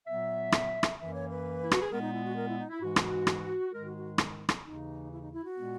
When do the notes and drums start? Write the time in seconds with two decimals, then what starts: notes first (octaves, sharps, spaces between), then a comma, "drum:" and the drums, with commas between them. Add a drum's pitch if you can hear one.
0.07 A#2 F#3 B3 E5
0.52 drum: rim click
0.83 drum: rim click
0.98 F#2 E3 A#3 E5
1.14 C#5
1.29 B4
1.62 E4
1.71 F#4, drum: rim click
1.81 G#4
1.90 A#2 G#3 B3 A#4
2.01 D#4
2.13 E4
2.24 F#4
2.35 A#4
2.47 E4
2.58 D#4
2.70 E4
2.80 G#2 E3 G#3 F#4
2.96 drum: rim click
3.27 drum: rim click
3.72 G#2 D#3 G#3 A#4
3.84 F#4
3.96 F#4
4.18 drum: rim click
4.49 drum: rim click
4.64 D#2 C#3 E3 D#4
5.10 E4
5.22 D#4
5.32 E4
5.44 F#4
5.56 A#2 G#3 B3